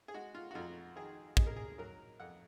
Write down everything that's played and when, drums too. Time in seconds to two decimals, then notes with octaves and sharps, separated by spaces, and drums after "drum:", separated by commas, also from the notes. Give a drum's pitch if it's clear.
0.08 G#4
0.14 G#3 F#4
0.35 F4
0.51 F#4
0.55 F2 F4
0.96 D#3 G#4
1.37 D#4 G#4, drum: kick
1.47 A#4
1.56 G#4
1.78 F#3 A#4
2.20 F2 F#5